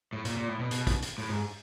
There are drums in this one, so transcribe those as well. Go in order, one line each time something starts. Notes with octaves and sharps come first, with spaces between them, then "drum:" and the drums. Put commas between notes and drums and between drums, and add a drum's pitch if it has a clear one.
A2
A#2, drum: hi-hat
A#2
A2
B2
B2, drum: hi-hat
drum: kick, hi-hat
drum: hi-hat
A2, drum: open hi-hat
G#2